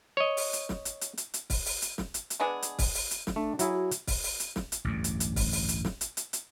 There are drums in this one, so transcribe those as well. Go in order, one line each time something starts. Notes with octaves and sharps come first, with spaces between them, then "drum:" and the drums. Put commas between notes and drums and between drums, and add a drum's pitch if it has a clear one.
C#5 D#5
drum: open hi-hat
drum: hi-hat
drum: snare
drum: hi-hat
drum: hi-hat
drum: hi-hat
drum: hi-hat
drum: kick, open hi-hat
drum: open hi-hat
drum: hi-hat
drum: snare
drum: hi-hat
drum: hi-hat
G#3 B3 D4 G#4
drum: hi-hat
drum: kick, open hi-hat
drum: open hi-hat
drum: hi-hat
drum: snare
A3 D4
F#3 E4 G#4 E5, drum: hi-hat
F#4
drum: hi-hat
drum: kick, open hi-hat
drum: open hi-hat
drum: hi-hat
drum: snare
drum: hi-hat
A1 D2 G2
drum: hi-hat
drum: hi-hat
drum: kick, open hi-hat
drum: open hi-hat
drum: hi-hat
drum: snare
drum: hi-hat
drum: hi-hat
drum: hi-hat